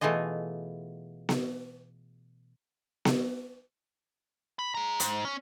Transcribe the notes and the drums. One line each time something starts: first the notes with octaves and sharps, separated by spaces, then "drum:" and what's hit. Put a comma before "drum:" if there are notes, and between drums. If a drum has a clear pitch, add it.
B2 E3 A3 F4 G#4 D#5
drum: snare B3
drum: snare B3
B5
G#4 A#5
G#2, drum: hi-hat
C#4